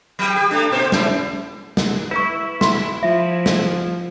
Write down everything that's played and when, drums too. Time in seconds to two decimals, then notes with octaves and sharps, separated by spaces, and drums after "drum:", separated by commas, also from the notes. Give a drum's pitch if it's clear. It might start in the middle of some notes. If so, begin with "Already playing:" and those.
0.19 F#3 G4
0.36 G4
0.51 G3 A3 D4
0.72 A#2 C5
0.92 C#4 E4, drum: snare
1.77 drum: snare
2.11 E4 B4 C#6
2.61 C6, drum: snare
3.03 F3 E5
3.46 drum: snare